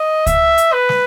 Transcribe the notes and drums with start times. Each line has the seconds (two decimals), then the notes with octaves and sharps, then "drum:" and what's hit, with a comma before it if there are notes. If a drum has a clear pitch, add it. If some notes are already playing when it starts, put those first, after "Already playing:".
Already playing: D#5
0.27 E5, drum: kick C#2, hi-hat
0.58 drum: hi-hat
0.73 B4
0.89 drum: snare